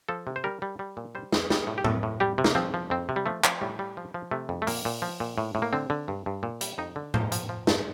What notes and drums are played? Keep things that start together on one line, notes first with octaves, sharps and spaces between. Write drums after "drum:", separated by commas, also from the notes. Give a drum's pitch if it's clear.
F3 A4
C3
C5
G3 A#4
G3
G3
A#2
G3 C5
F2, drum: snare
G3, drum: snare
A2
G4
A2 A4, drum: tom A2
A2
G3 G4
C3
A#3, drum: snare
F3 C4
F3
F2 C4
C3
G3
F3 A3
F3, drum: clap
A2 G3
G3
F3
F3
C3 A3
F2
A3
A#2 A#3, drum: open hi-hat
A#2
F3
A#2
A2
A2
A#3
D3 C4
D3
G2
G2
A#2
G3, drum: hi-hat
F2 D#4
D3
F3 C5, drum: tom A2
F3, drum: hi-hat
F3
G2, drum: snare